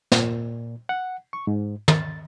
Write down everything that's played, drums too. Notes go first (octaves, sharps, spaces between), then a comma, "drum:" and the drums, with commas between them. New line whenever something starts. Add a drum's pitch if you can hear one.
A#2, drum: snare
F#5
C#6
G#2
A6, drum: tom